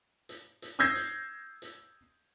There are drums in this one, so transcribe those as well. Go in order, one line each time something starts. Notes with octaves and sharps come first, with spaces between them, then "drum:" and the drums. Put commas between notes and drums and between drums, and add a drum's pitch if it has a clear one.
drum: hi-hat
drum: hi-hat
D#6 E6 G6 G#6 A#6 C7
drum: hi-hat
drum: hi-hat